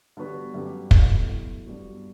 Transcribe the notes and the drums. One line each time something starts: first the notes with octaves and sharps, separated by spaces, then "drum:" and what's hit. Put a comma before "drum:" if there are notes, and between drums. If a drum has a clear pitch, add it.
D3 G3 B3 F#4 B4
G2 D3 F#3 C#4 G4
B2 F#3 A3 E4 A4, drum: kick
F#3 B3 E4 A4
G2 F#3 B3 F#4